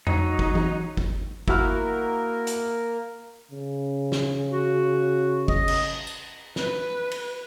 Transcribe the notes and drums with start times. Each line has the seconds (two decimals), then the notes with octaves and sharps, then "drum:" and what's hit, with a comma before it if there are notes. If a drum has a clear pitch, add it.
0.07 F#3 D#4, drum: tom F2
0.39 drum: kick
0.55 drum: tom E3
0.97 drum: kick
1.48 A#3 E4 F#4 A#4 F6, drum: kick
2.47 drum: hi-hat
3.51 C#3
4.12 drum: snare
4.51 F#4
5.48 D#5, drum: kick
5.68 drum: cymbal
6.07 drum: tambourine
6.56 B4, drum: snare
7.11 drum: cymbal